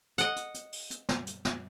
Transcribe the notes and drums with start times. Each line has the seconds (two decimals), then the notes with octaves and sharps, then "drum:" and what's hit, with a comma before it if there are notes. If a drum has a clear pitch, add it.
0.18 D#5 F#5, drum: hi-hat
0.36 drum: hi-hat
0.54 drum: hi-hat
0.72 drum: open hi-hat
0.91 drum: hi-hat
1.09 drum: snare
1.27 drum: hi-hat
1.45 drum: snare